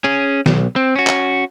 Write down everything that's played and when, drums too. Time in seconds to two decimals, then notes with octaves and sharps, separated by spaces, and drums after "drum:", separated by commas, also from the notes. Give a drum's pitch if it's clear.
0.04 C#4 G#4
0.46 B1, drum: snare D#3
0.76 C4
0.96 C#4 F#4
1.07 drum: clap